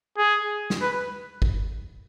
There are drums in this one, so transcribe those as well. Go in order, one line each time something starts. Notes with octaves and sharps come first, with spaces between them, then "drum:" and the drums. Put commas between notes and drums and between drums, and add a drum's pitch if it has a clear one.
G#4
drum: snare
B4
drum: kick